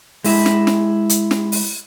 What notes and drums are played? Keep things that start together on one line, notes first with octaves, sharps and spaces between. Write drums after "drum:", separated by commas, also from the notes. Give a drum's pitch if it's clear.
G#3 E4, drum: open hi-hat
drum: snare
drum: snare
drum: hi-hat
drum: snare
drum: open hi-hat